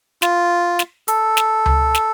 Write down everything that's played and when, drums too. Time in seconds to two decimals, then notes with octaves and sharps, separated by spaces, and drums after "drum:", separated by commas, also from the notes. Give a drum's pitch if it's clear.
0.22 F4, drum: snare
0.79 drum: snare
1.08 A4, drum: hi-hat
1.37 drum: snare
1.66 drum: tom C#2
1.95 drum: snare